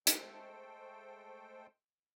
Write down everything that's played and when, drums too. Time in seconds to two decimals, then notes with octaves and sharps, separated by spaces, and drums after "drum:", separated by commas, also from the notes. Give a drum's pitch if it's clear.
0.07 G#3 A3 A4 C5 G5, drum: hi-hat